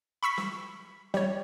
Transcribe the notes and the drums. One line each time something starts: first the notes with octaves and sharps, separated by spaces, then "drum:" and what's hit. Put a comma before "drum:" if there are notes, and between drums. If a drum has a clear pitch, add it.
B5 C#6 E6 B6
drum: snare
G3 C#5, drum: snare